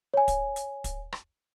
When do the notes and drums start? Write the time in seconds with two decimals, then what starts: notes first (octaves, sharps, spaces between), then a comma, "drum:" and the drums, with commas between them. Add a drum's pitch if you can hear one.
0.14 C#5 G#5
0.28 drum: kick, hi-hat
0.56 drum: hi-hat
0.84 drum: kick, hi-hat
1.12 drum: rim click